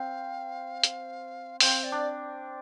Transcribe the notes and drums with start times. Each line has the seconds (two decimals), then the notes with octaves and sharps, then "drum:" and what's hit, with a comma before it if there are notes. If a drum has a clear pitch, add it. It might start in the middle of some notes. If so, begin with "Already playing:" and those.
Already playing: C4 F5
0.84 drum: hi-hat
1.60 C4 F5, drum: open hi-hat
1.84 D5
1.92 D4